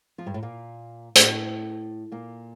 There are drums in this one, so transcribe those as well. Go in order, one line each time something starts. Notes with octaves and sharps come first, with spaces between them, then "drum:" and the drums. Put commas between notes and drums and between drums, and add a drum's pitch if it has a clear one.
F3 F4
G2 G3
A2 A3
A#2 A#3
A2 A3, drum: hi-hat
A#2 A#3